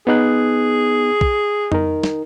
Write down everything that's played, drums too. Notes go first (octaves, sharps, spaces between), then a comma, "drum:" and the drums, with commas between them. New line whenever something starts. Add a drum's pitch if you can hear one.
B3 D#4 G#4 F#6
drum: kick
D#4 A#4, drum: tom F2
drum: snare